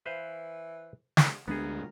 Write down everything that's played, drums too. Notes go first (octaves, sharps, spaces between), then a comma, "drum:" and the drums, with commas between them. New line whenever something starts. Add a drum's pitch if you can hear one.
E3 B4 C5 F5
drum: snare
D2 G#3 B3 D4 G#4 A#4